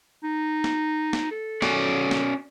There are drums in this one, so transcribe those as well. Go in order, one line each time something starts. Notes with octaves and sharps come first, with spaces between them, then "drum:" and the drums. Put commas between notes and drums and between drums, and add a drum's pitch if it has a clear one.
D#4
drum: snare
drum: snare
A4
C#4 F#4 D5, drum: snare
drum: snare